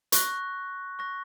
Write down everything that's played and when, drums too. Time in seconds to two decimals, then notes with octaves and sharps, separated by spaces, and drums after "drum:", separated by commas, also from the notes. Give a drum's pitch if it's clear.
0.12 C#6 F#6 A#6, drum: hi-hat
0.99 C#6 F#6 A#6